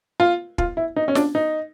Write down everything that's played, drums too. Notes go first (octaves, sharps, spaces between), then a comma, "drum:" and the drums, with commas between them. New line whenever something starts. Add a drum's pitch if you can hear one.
F4
F4, drum: kick
E4
D#4
C#4
D4, drum: snare
D#4